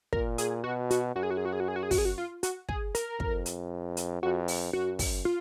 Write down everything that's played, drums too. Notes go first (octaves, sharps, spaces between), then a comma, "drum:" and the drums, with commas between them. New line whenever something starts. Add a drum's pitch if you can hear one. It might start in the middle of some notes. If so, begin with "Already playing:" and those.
A#2 A#4, drum: kick
G#4, drum: hi-hat
B2 F#4
F#4, drum: hi-hat
F#2 F#4
G#4
F#4
G#4
F#4
G#4
F#4
G#4
F#4
G#4
F#4, drum: kick, open hi-hat
G#4
F#4
F4
F#4, drum: hi-hat
G#4, drum: kick
A#4, drum: hi-hat
F2, drum: kick
drum: hi-hat
drum: hi-hat
F2 F#4
drum: open hi-hat
F#2 F#4
drum: kick, open hi-hat
F4